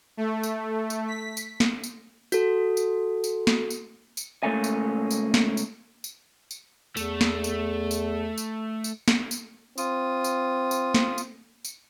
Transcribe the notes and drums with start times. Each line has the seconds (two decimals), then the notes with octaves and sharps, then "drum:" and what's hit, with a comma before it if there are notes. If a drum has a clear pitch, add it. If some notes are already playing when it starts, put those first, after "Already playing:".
0.17 A3
0.43 drum: tambourine
0.90 drum: tambourine
1.08 B6
1.37 drum: tambourine
1.60 drum: snare
1.84 drum: tambourine
2.32 F#4 A4, drum: tambourine
2.77 drum: tambourine
3.24 drum: tambourine
3.47 drum: snare
3.70 drum: tambourine
4.17 drum: tambourine
4.43 C#2 F#3 A3 A#3 C#4 G#5
4.64 drum: tambourine
5.11 drum: tambourine
5.34 drum: snare
5.57 drum: tambourine
6.04 drum: tambourine
6.51 drum: tambourine
6.97 E2 A3, drum: tambourine
7.21 drum: snare
7.44 drum: tambourine
7.91 drum: tambourine
8.38 drum: tambourine
8.84 drum: tambourine
9.08 drum: snare
9.31 drum: tambourine
9.78 C4 F4 D#6, drum: tambourine
10.24 drum: tambourine
10.71 drum: tambourine
10.94 drum: snare
11.18 drum: tambourine
11.65 drum: tambourine